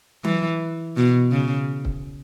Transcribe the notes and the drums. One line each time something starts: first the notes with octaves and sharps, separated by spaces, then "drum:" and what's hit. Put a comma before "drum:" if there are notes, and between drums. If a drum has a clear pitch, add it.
E3, drum: tom F#3
B2
C#3
drum: kick C#1